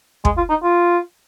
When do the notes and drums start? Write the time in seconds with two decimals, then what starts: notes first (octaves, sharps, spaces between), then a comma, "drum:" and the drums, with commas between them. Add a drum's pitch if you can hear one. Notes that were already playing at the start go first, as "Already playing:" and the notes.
0.25 G#3, drum: kick
0.37 F4
0.49 D#4
0.63 F4